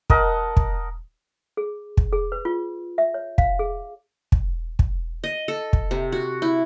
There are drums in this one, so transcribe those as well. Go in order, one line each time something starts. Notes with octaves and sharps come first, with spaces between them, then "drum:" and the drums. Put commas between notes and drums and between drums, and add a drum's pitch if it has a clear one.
A#4 D#5 F#5 A5, drum: kick
drum: kick
G#4
drum: kick
G#4
B4
F4
E5
C#5
F5, drum: kick
G#4
drum: kick
drum: kick
D#5
A4
drum: kick
C3
F#4
E4